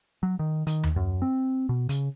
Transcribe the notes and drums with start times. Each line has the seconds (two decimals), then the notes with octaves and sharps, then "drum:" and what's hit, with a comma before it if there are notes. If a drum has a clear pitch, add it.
0.23 F#3
0.39 D#3
0.67 D#3, drum: hi-hat
0.84 drum: tom D#2
0.96 F#2
1.22 C4
1.69 B2
1.89 C#3, drum: hi-hat